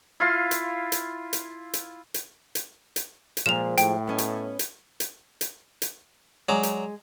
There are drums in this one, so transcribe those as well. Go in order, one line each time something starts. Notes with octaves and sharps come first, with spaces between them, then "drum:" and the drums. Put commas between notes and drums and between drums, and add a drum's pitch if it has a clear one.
E4 F4 F5 C6
drum: hi-hat
drum: hi-hat
drum: hi-hat
drum: hi-hat
drum: hi-hat
drum: hi-hat
drum: hi-hat
drum: hi-hat
A#2 F3 G#3 E7 F7
A2 G5, drum: hi-hat
B3 C#4 D#5
drum: hi-hat
drum: hi-hat
drum: hi-hat
drum: hi-hat
drum: hi-hat
F#3 G#3 D5 A#5
drum: hi-hat